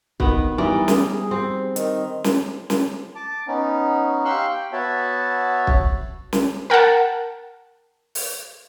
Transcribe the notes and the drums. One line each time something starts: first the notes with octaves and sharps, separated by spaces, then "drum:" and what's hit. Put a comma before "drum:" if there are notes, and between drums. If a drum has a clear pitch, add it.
D#3 B3, drum: kick
E3 G3 D#4 D5
G#4, drum: snare
C4
D#3, drum: hi-hat
drum: snare
drum: snare
A5 D6
B3 C#4 D#4
G4 F5 C6 C#6 E6 F#6
G5
B3 F#4 C#5 E5 A5
drum: kick
drum: snare
A#4 F#5 G5 A5
drum: open hi-hat